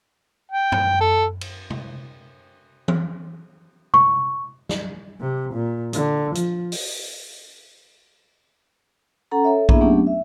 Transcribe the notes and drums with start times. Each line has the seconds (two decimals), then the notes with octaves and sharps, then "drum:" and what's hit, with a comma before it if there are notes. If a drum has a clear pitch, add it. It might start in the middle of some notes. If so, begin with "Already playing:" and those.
0.52 G5
0.72 drum: tom F#2
1.01 A4
1.41 drum: cymbal
1.70 drum: tom C3
2.88 drum: tom E3
3.94 C#6, drum: tom C3
4.69 drum: snare
5.21 C3
5.53 A#2
5.93 D3, drum: hi-hat
6.35 F3, drum: hi-hat
6.72 drum: open hi-hat
9.31 C#4 A4 F#5 A#5
9.44 A4 C#5 E5
9.69 A#3 B3 D4 E4 G#4 E5, drum: kick A#1
9.81 F#3 A3 B3 C#4 D4 G4
10.07 E5